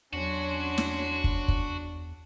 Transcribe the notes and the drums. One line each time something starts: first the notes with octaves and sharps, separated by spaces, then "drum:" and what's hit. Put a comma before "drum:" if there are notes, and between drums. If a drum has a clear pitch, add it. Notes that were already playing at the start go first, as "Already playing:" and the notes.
E2 F#3 C#4 D4 F#4 C6
drum: snare
drum: kick
drum: kick